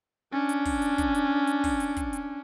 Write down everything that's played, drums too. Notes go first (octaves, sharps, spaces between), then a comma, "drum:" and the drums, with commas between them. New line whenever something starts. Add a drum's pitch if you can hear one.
C#4 D4
drum: hi-hat
drum: kick, open hi-hat
drum: hi-hat
drum: kick, hi-hat
drum: hi-hat
drum: hi-hat
drum: kick, open hi-hat
drum: hi-hat
drum: kick, hi-hat
drum: hi-hat